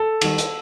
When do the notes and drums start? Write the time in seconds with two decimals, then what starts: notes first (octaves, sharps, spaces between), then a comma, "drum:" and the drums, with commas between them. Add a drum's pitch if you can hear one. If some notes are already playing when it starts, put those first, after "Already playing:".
Already playing: A4
0.21 D#3 G3, drum: cymbal
0.38 drum: hi-hat